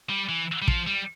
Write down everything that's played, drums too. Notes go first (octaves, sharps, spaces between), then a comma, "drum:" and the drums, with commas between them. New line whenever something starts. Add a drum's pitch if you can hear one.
G3
E3
G3
F3, drum: kick
G3